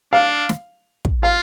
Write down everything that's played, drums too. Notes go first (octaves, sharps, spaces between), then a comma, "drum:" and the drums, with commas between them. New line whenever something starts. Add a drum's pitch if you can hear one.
D4 F5
drum: snare
drum: kick
F4 F5